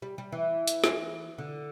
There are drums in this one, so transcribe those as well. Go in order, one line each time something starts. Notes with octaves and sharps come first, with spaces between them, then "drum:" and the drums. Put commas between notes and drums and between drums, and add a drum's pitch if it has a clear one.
G3
G3
E3
drum: hi-hat
drum: snare
D3